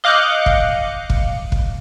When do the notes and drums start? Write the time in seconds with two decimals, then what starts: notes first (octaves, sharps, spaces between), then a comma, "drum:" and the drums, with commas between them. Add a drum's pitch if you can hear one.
0.04 D#5 F5 D6 F#6 G6 C#7
0.46 drum: kick
1.10 drum: kick
1.52 drum: kick